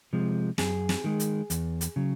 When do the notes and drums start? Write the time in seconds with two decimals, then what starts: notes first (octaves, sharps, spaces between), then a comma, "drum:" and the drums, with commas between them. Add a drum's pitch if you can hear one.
0.13 C3 F3 G#3
0.58 F#2 G#4, drum: snare
0.89 drum: snare
1.04 D#3 G#3
1.20 drum: hi-hat
1.50 E2, drum: hi-hat
1.81 drum: hi-hat
1.96 C#3 F#3